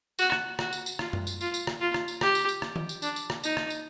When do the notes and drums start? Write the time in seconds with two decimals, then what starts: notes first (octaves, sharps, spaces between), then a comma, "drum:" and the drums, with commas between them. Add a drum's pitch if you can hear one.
0.19 F#4, drum: tambourine
0.32 drum: rim click
0.59 F#4, drum: rim click
0.73 drum: tambourine
0.86 drum: tambourine
0.99 F4, drum: rim click
1.13 drum: tom F#2
1.27 drum: tambourine
1.41 F4, drum: tambourine
1.54 drum: tambourine
1.67 drum: rim click
1.81 F4
1.94 drum: rim click
2.08 drum: tambourine
2.21 G4, drum: rim click
2.35 drum: tambourine
2.49 drum: tambourine
2.62 drum: rim click
2.76 drum: tom D#3
2.89 drum: tambourine
3.02 D4, drum: tambourine
3.16 drum: tambourine
3.30 drum: rim click
3.44 D#4, drum: tambourine
3.57 drum: rim click
3.70 drum: tambourine